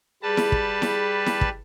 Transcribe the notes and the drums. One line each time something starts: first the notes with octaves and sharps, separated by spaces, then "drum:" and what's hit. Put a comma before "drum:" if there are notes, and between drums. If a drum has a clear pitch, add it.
G3 G#4 B4 A5
drum: snare E4
drum: kick
drum: snare E4
drum: snare E4
drum: kick